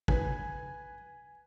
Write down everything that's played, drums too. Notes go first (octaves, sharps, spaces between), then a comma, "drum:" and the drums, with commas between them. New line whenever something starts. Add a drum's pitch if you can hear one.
B4 G#5, drum: kick